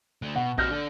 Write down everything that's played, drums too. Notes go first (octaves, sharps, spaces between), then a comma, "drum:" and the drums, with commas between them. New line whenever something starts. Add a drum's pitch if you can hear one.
D3 A3
B2 F#5
C4 F#4 F6 G6 A#6, drum: kick A#1
D4 A4